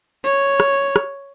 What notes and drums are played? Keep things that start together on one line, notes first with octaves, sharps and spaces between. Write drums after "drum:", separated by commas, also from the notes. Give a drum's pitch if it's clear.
C#5
drum: rim click
drum: rim click